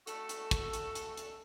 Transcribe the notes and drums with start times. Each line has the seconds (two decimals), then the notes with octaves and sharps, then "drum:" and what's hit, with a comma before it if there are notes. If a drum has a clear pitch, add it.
0.07 A3 F#4 A4, drum: hi-hat
0.29 drum: hi-hat
0.51 drum: kick, hi-hat
0.73 drum: hi-hat
0.95 drum: hi-hat
1.17 drum: hi-hat